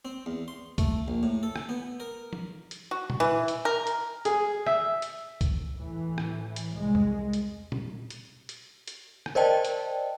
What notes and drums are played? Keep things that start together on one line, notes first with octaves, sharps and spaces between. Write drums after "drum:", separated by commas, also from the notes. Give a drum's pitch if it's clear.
C4
E2
C6
A3, drum: kick, hi-hat
A#1
A2
A4
drum: rim click
B3
A#4
drum: tom F3
drum: hi-hat
F#4
drum: tom A#2
E3
drum: hi-hat
A#4
drum: hi-hat
G#4, drum: hi-hat
E5, drum: rim click
drum: hi-hat
drum: kick, hi-hat
A2 E3
drum: rim click
drum: hi-hat
C2 G#3
drum: tom E2
drum: hi-hat
drum: tom A#2
drum: hi-hat
drum: hi-hat
drum: hi-hat
drum: rim click
A#4 C5 D5 D#5 G5 A5
drum: hi-hat